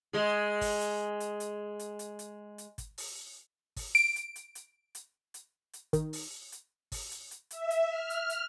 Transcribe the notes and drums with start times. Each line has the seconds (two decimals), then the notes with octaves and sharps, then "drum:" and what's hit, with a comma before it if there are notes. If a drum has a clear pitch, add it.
0.13 G#3 G#4
0.61 drum: kick, open hi-hat
0.81 drum: hi-hat
1.20 drum: hi-hat
1.40 drum: hi-hat
1.79 drum: hi-hat
1.99 drum: hi-hat
2.19 drum: hi-hat
2.58 drum: hi-hat
2.78 drum: kick, hi-hat
2.98 drum: open hi-hat
3.76 drum: kick, open hi-hat
3.95 D7, drum: hi-hat
4.16 drum: hi-hat
4.36 drum: hi-hat
4.55 drum: hi-hat
4.95 drum: hi-hat
5.34 drum: hi-hat
5.73 drum: hi-hat
5.93 D#3, drum: kick, hi-hat
6.13 drum: open hi-hat
6.52 drum: hi-hat
6.92 drum: kick, open hi-hat
7.11 drum: hi-hat
7.31 drum: hi-hat
7.51 E5, drum: hi-hat
7.70 drum: hi-hat
7.89 F6
8.10 drum: hi-hat
8.30 drum: hi-hat